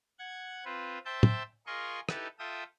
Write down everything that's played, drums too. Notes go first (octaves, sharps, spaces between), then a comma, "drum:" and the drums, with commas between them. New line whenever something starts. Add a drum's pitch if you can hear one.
F#5 G#6
C4 F4 B4
C5 E5 G5 A5 G6
drum: tom
F4 G#4 A#4 D#5 C6 C#6
D#4 E4 G4 A4 B4, drum: rim click
F4 A4 E5 G5 D#6